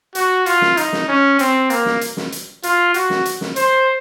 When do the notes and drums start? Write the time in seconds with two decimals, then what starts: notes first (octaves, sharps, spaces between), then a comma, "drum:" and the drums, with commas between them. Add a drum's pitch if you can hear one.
0.15 F#4, drum: hi-hat
0.46 F4, drum: hi-hat
0.62 drum: snare
0.77 D#4, drum: hi-hat
0.93 drum: snare
1.08 C#4
1.39 C4, drum: hi-hat
1.70 A#3, drum: hi-hat
1.86 drum: snare
2.01 drum: hi-hat
2.17 drum: snare
2.32 drum: hi-hat
2.63 F4, drum: hi-hat
2.94 F#4, drum: hi-hat
3.10 drum: snare
3.26 drum: hi-hat
3.41 drum: snare
3.56 C5, drum: hi-hat